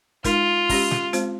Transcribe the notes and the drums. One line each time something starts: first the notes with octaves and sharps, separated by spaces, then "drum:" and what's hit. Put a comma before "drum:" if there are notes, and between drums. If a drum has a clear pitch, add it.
G#3 D#4 F4 A#4, drum: kick, hi-hat
G#3 C#4 G4, drum: kick, open hi-hat
drum: snare
G#3 C4 F4 C5, drum: hi-hat